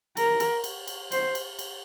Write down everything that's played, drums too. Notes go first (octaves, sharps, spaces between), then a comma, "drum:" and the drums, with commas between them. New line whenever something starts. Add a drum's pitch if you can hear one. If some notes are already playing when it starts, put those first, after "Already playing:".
A#4, drum: cymbal
drum: cymbal
drum: cymbal
drum: cymbal
C5, drum: cymbal
drum: cymbal
drum: cymbal